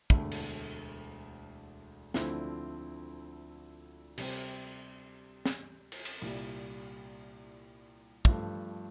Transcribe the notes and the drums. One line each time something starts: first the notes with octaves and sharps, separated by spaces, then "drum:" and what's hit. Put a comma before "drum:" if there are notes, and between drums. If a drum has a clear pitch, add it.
E1 D2 D3 A3, drum: kick
drum: cymbal
D2 D3 F3 C4 E4, drum: snare
C3 G3 C4 G4, drum: cymbal
drum: snare
drum: cymbal
drum: cymbal
C2 A#2 G3, drum: tambourine
G2 F3 A3, drum: kick